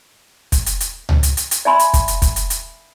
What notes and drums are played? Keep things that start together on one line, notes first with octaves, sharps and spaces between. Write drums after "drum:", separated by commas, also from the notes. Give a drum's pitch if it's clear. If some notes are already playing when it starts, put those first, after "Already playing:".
drum: kick, hi-hat
drum: hi-hat
drum: hi-hat
drum: tom C#2
drum: hi-hat
drum: hi-hat
drum: hi-hat
D5 E5 G#5 B5 C6
drum: hi-hat
drum: kick, hi-hat
drum: hi-hat
drum: kick, hi-hat
drum: hi-hat
drum: hi-hat